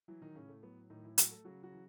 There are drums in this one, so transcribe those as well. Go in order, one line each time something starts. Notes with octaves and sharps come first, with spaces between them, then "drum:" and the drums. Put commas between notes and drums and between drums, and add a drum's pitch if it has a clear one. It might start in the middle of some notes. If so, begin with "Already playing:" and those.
E3 F#3 E4
D#3 D#4
A2 C#3 C#4
A3
F#3 B3
A2 D#3 D#4
E3 E4
F#3 F#4, drum: hi-hat
A3 A4
C#3 F#3 F#4
F#3 F#4
E3